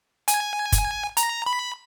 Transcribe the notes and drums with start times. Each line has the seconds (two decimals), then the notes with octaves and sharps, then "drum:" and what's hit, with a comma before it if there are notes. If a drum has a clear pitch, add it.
0.28 G#5, drum: hi-hat
0.72 drum: kick F#1, hi-hat
1.17 A#5, drum: hi-hat
1.46 B5